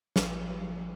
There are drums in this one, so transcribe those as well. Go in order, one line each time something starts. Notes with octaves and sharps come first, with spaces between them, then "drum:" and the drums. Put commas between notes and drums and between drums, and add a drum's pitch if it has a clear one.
A1 F3 G#5, drum: snare